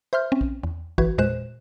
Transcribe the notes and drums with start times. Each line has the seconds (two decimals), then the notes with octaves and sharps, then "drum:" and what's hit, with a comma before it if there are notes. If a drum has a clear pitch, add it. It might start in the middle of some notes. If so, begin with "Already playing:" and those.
0.13 C5 E5 C6 F6 G6
0.32 C4 C#4
0.41 drum: kick A#1
0.63 E2
0.98 G1 E3 F#4 B4 G#6, drum: kick A#1
1.18 E2 A#2 G#3 C5 F#6 E7